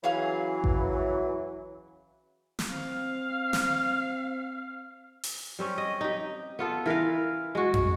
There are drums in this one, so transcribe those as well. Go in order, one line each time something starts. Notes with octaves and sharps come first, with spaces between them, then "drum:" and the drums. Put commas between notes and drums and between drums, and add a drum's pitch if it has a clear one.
E3 F#3 C#4 G#4 F5
drum: kick A1
drum: snare
C4 F5
drum: snare
drum: open hi-hat
G3 C4 C#4
D#5
D#4 G4
B3 F4 A4
E3 A#4 B4 F5
G#3 F#4
drum: tom